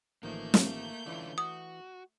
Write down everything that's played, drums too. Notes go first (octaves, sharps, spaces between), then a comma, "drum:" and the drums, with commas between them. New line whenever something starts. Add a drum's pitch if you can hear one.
A1 D#3 F3 A3 A#3 G6
drum: snare
D3 E3 C#4 F4 D5
F#4 D#6